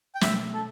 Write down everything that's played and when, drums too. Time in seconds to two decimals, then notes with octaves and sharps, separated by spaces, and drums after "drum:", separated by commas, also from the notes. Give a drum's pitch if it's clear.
0.15 G5
0.21 B2 A3 E5, drum: snare
0.54 A4